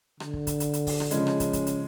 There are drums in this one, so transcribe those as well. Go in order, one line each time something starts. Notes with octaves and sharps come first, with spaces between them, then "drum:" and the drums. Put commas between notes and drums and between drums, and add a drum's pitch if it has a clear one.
D3, drum: rim click
drum: kick
drum: kick, hi-hat
drum: hi-hat
drum: hi-hat
drum: kick, open hi-hat
drum: rim click
C#3 F3 G#3 C#4, drum: hi-hat
drum: rim click
drum: kick, hi-hat
drum: kick, hi-hat
drum: hi-hat